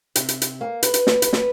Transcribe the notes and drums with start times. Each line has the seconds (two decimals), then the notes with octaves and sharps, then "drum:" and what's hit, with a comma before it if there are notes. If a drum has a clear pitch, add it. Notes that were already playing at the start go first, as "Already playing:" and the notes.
0.15 C3, drum: hi-hat
0.29 drum: hi-hat
0.42 drum: hi-hat
0.61 A#3
0.83 B4, drum: hi-hat
0.94 drum: hi-hat
1.07 drum: snare
1.22 B4, drum: hi-hat
1.33 drum: snare